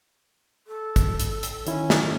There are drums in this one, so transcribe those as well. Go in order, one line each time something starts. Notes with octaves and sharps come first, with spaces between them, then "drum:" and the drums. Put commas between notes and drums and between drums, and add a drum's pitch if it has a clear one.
A4
drum: kick, hi-hat
drum: hi-hat
drum: hi-hat
D#3 C#4 E4, drum: hi-hat
drum: snare